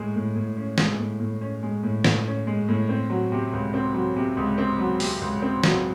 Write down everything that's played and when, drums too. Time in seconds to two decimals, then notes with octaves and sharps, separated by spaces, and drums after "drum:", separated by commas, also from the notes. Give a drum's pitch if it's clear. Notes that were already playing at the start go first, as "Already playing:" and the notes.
Already playing: A2 G#3
0.15 A2
0.35 A2
0.57 C#4
0.78 G#3, drum: snare
0.99 A2
1.20 A2
1.41 C#4
1.63 G#3
1.83 A2
2.04 A2, drum: snare
2.26 C#4
2.47 G#3
2.69 A2
2.89 C4
3.10 F#3
3.32 C3
3.53 C#2
3.74 C4
3.94 F#3
4.16 C3
4.37 C#2
4.58 C4
4.79 F#3
5.00 C3, drum: open hi-hat
5.21 C#2
5.42 C4
5.64 F#3, drum: snare